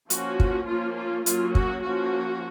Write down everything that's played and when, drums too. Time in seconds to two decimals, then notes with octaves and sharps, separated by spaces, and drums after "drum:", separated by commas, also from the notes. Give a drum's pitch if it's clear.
0.10 F3 A#3 C#4 F#4, drum: hi-hat
0.40 drum: kick
0.69 F3 A#3 C#4 F4
0.98 F4
1.26 F#3 A#3 C#4 F4, drum: hi-hat
1.55 F#4, drum: kick
1.84 F3 A#3 C#4 F#4